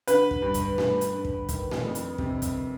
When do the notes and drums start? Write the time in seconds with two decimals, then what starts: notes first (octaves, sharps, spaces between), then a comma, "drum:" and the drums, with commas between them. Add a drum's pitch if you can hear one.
0.07 D3 B4, drum: hi-hat
0.31 drum: kick
0.42 G2
0.54 drum: kick, hi-hat
0.78 G2, drum: snare A3
1.01 drum: hi-hat
1.13 G2
1.25 drum: kick
1.49 D#3, drum: kick, hi-hat
1.71 drum: snare A3
1.83 F2
1.95 drum: hi-hat
2.18 C3, drum: kick
2.42 drum: kick, hi-hat